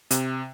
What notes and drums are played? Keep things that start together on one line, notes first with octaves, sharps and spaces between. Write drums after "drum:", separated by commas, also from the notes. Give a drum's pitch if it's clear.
C3, drum: hi-hat